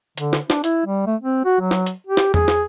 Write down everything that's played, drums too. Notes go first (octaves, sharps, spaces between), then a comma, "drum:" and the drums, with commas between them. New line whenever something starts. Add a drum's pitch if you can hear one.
D3, drum: hi-hat
drum: snare
D4, drum: snare
E4, drum: hi-hat
G3
A3
C4
F#4
F#3
drum: snare
drum: hi-hat
G4
drum: snare
G#4, drum: tom E2
drum: snare